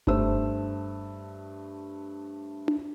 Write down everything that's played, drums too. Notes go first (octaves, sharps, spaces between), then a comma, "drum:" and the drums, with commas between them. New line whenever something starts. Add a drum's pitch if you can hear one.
G2 A3 C5 E6, drum: kick F#1
drum: tom D4